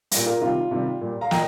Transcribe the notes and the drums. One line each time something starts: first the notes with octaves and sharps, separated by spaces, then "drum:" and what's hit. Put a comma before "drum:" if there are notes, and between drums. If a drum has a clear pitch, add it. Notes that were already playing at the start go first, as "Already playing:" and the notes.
A#2 G3, drum: hi-hat
F4 A#4
C3 D#3 G3 F4
C3 D#3 G3
A#2 G3
F5 A#5
A#2 D#5 G5, drum: snare